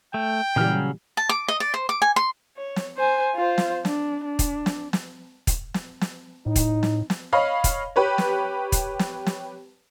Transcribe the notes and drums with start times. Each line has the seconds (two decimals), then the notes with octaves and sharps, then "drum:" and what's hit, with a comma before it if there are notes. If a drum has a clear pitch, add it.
0.14 A3 G5
0.56 A#2 C#3 E3 F#3 G3 F6
1.17 A5
1.29 D6
1.48 D#5
1.60 D5
1.74 C5
1.89 D6
2.02 G#5
2.16 C6
2.57 C#5
2.76 drum: snare
2.97 C5 G#5
3.35 F4 C5
3.58 drum: snare
3.85 D4, drum: snare
4.24 D4
4.39 drum: kick, hi-hat
4.66 drum: snare
4.93 drum: snare
5.47 drum: kick, hi-hat
5.74 drum: snare
6.01 drum: snare
6.46 A2 D#4
6.56 drum: kick, hi-hat
6.83 drum: snare
7.10 drum: snare
7.33 C#5 D#5 F5 B5
7.64 drum: kick, hi-hat
7.96 G4 B4 C#5
8.18 drum: snare
8.72 drum: kick, hi-hat
8.99 drum: snare
9.26 drum: snare